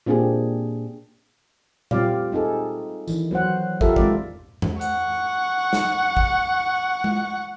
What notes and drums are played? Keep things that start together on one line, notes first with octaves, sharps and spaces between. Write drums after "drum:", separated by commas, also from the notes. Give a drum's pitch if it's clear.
A#2 A#3 C4 D4 G4 G#4
G3 C4 F4 G4 D5 F5, drum: tom A#2
C4 D#4 G#4 A4
D#3 E3, drum: tambourine
F#3 B3 C5 F#5
F4 G4 A4 A#4 E5, drum: kick
D#3 G#3 C4 F4 D5, drum: kick
drum: tom F#2
F#5 C#6, drum: hi-hat
drum: snare
drum: kick
drum: tom G#3